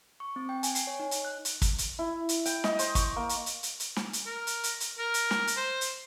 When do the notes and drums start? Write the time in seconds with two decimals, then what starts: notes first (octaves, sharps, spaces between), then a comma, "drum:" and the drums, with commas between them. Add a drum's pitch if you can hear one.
0.20 C#6
0.36 C4
0.49 G5
0.63 G#5, drum: hi-hat
0.75 C7, drum: hi-hat
0.87 C#5
1.00 D#4
1.11 drum: hi-hat
1.25 F#6
1.45 drum: hi-hat
1.62 drum: kick, hi-hat
1.78 drum: hi-hat
1.99 E4
2.29 drum: hi-hat
2.45 G5, drum: hi-hat
2.64 D#5, drum: snare
2.79 C5, drum: hi-hat
2.95 C#6, drum: kick, hi-hat
3.16 A#3
3.29 drum: hi-hat
3.46 drum: hi-hat
3.63 drum: hi-hat
3.80 drum: hi-hat
3.96 drum: snare
4.13 drum: hi-hat
4.26 A#4
4.47 drum: hi-hat
4.64 drum: hi-hat
4.80 drum: hi-hat
4.98 A#4
5.14 drum: hi-hat
5.31 drum: snare
5.47 drum: hi-hat
5.57 C5
5.81 drum: hi-hat